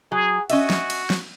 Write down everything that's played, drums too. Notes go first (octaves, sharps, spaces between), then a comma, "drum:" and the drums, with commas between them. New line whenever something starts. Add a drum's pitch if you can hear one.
F#3 G#4
C#4 F#4 D#5 E5, drum: cymbal
drum: snare
drum: cymbal
drum: snare